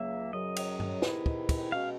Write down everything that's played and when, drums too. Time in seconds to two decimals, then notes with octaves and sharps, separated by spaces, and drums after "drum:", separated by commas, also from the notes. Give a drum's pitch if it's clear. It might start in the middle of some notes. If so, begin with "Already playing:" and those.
Already playing: C#2 C#3 F#3 A#3 E5
0.33 F#2 C#3 F#3 D#5
0.56 drum: cymbal
0.80 drum: tom G2
1.02 C3 D#3 G#3 B3 E4, drum: snare
1.26 drum: kick
1.49 drum: kick, cymbal
1.72 B2 G#3 C#4 F#4 F5